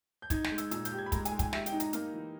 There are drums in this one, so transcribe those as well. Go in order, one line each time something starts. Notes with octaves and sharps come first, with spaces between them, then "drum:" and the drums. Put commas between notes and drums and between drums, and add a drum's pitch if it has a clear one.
G6
D#4 G#6, drum: kick, hi-hat
G6, drum: snare
G#3
E6, drum: hi-hat
A#2 E6, drum: hi-hat
G6, drum: hi-hat
G4
G#6
B5
G#3 A#5, drum: kick, hi-hat
G#5, drum: hi-hat
G#3
G#5, drum: kick, hi-hat
G4 E5, drum: snare
G5, drum: hi-hat
D#4
A#5, drum: hi-hat
A#3, drum: hi-hat
E3